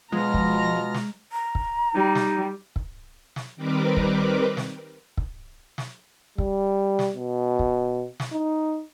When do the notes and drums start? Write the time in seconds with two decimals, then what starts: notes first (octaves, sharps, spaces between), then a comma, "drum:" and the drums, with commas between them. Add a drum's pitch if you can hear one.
0.12 B2 F3 G#3 B3 F4 A#5 F6 A#6
0.34 drum: kick
0.94 drum: snare
1.32 A#5
1.55 drum: kick
1.95 G3 D#4
2.15 drum: snare
2.76 drum: kick
3.36 drum: snare
3.56 D#3 G3 C4 A#4 B4 D6
3.97 drum: kick
4.57 drum: snare
5.17 drum: kick
5.78 drum: snare
6.38 G3, drum: kick
6.99 drum: snare
7.16 B2
7.59 drum: kick
8.20 drum: snare
8.32 D#4